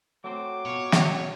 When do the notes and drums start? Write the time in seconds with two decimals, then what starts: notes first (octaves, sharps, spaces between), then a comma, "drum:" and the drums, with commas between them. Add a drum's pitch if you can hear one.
0.24 F#3 A3 C4 C5 D6
0.66 B2 F4 C#5
0.92 drum: snare